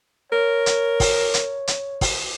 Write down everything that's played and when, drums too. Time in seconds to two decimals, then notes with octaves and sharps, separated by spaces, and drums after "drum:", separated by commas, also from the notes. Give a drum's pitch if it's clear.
0.32 A#4 C#5
0.66 drum: hi-hat
1.00 drum: kick, open hi-hat
1.34 drum: hi-hat
1.67 drum: hi-hat
2.01 drum: kick, open hi-hat